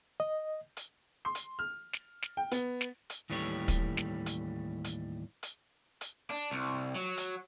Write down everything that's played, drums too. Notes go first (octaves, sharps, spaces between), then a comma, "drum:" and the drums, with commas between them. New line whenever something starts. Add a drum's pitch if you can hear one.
D#5
drum: hi-hat
C6
drum: hi-hat
F6
drum: snare
drum: snare
G5
B3, drum: hi-hat
drum: snare
drum: hi-hat
D#2 A2 E3 G3 C#5
drum: kick, hi-hat
drum: snare
drum: hi-hat
drum: hi-hat
drum: hi-hat
drum: hi-hat
D4
C2
F#3
drum: hi-hat